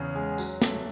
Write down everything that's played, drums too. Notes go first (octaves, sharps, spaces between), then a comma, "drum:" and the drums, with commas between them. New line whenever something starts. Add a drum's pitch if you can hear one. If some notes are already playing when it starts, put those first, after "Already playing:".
Already playing: E2 C#3 C#4
G#3
F#3, drum: tambourine
A3, drum: snare